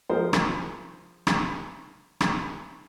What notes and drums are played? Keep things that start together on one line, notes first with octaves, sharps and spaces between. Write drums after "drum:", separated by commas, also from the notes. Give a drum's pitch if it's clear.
F3 G#4 A#4 C5
drum: rim click
drum: rim click
drum: rim click